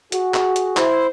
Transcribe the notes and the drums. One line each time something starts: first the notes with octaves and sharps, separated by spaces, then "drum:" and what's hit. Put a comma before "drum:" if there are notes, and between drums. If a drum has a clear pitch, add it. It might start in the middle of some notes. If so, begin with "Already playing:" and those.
F#4 G#4, drum: hi-hat
drum: clap
drum: hi-hat
E4 C5, drum: clap